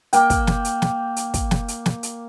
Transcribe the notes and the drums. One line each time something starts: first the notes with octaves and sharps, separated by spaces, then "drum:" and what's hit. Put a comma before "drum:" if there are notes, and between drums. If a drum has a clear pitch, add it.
A#3 G5, drum: hi-hat
drum: kick, hi-hat
drum: snare
drum: hi-hat
drum: snare
drum: hi-hat
drum: kick, hi-hat
drum: snare
drum: hi-hat
drum: snare
drum: hi-hat